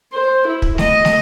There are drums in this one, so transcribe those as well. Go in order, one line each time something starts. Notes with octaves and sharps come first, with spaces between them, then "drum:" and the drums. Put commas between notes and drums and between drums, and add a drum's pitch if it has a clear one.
C5
E4
drum: kick
D#5, drum: snare
drum: snare